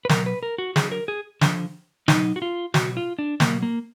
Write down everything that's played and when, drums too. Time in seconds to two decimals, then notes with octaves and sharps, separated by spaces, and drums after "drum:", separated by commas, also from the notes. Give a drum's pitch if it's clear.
0.05 B4
0.09 B2 F#3 A#4, drum: snare
0.26 B4
0.43 A#4
0.58 F#4
0.76 D3 F#3 G#4, drum: snare
0.92 A#4
1.08 G#4
1.41 D3 F3, drum: snare
2.08 B2 F#3 D#4, drum: snare
2.36 F#4
2.42 F4
2.74 B2 F#3 F#4, drum: snare
2.97 F4
3.19 D4
3.40 B2 F#3 A#3, drum: snare
3.63 A#3